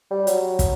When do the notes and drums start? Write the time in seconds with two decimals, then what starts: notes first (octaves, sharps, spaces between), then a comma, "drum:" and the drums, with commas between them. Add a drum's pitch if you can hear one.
0.10 G3
0.27 F#3, drum: hi-hat
0.59 drum: kick, hi-hat